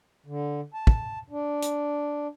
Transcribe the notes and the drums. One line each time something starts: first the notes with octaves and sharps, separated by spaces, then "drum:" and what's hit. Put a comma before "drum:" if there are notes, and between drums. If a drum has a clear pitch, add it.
D3
A5
drum: kick
D4
drum: hi-hat